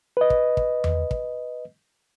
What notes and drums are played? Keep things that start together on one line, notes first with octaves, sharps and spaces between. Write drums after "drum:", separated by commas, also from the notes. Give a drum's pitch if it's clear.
B4 D#5
drum: kick
drum: kick
drum: tom E2
drum: kick